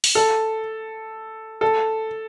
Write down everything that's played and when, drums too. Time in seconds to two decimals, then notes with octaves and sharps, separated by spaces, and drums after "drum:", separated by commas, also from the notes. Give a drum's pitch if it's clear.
0.04 drum: open hi-hat
0.15 A4
1.61 A4